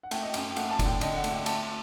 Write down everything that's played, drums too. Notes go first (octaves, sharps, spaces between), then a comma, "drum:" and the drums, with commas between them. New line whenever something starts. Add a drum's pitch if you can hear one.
F#5
A3 G5, drum: cymbal
D#5
F#2 G5, drum: cymbal
A3 F#5, drum: cymbal
A5
D3, drum: kick F1, cymbal
G5
D3 D#5, drum: cymbal
F#5
A3, drum: cymbal
G5
A3 A5, drum: cymbal